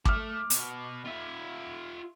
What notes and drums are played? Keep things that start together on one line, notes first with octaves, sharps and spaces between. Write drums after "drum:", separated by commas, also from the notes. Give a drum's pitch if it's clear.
A3 A5 D6 F6, drum: kick
B2, drum: hi-hat
F4 E5